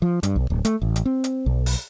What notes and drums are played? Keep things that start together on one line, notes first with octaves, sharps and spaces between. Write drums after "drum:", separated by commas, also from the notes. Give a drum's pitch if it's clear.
F3
G2, drum: hi-hat
B1
D1
A3, drum: hi-hat
A1
drum: hi-hat
C4
drum: hi-hat
B1
drum: open hi-hat